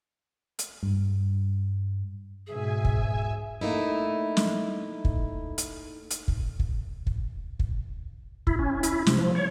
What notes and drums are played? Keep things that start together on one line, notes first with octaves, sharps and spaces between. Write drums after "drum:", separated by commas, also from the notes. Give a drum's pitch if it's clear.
drum: hi-hat
G2
G#2 B2 G#4 E5 G#5
drum: kick
A3 A#3 D#4 E4
drum: snare
drum: kick
drum: hi-hat
drum: hi-hat
drum: kick
drum: kick
drum: kick
drum: kick
E4, drum: kick
C#4
E4, drum: hi-hat
C3, drum: snare
F3
C#5